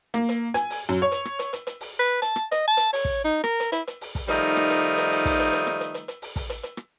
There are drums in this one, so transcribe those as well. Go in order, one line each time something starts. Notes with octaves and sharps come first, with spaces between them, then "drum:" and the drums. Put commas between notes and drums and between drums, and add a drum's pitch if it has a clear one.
A#3, drum: rim click
drum: hi-hat
G#5, drum: hi-hat
drum: open hi-hat
F#2
C#5
drum: hi-hat
drum: rim click
drum: hi-hat
drum: hi-hat
drum: hi-hat
drum: open hi-hat
B4
A5, drum: hi-hat
drum: rim click
D#5, drum: hi-hat
A5
drum: hi-hat
C#5, drum: open hi-hat
drum: kick
D#4
A#4, drum: rim click
drum: hi-hat
E4, drum: hi-hat
drum: hi-hat
drum: open hi-hat
drum: kick, open hi-hat
D#3 F3 G3 A3 D#4, drum: hi-hat
drum: rim click
drum: hi-hat
drum: hi-hat
drum: open hi-hat
drum: kick, open hi-hat
drum: hi-hat
drum: hi-hat
drum: rim click
drum: hi-hat
drum: hi-hat
drum: hi-hat
drum: open hi-hat
drum: kick, open hi-hat
drum: hi-hat
drum: hi-hat
drum: rim click